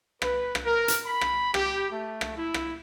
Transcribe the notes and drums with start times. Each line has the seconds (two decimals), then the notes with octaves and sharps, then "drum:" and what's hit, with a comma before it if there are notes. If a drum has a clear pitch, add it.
0.22 B4, drum: rim click
0.55 drum: rim click
0.64 A#4
0.88 drum: hi-hat
1.04 B5
1.21 drum: rim click
1.54 G4, drum: rim click
1.91 A3
2.21 drum: rim click
2.36 E4
2.54 drum: rim click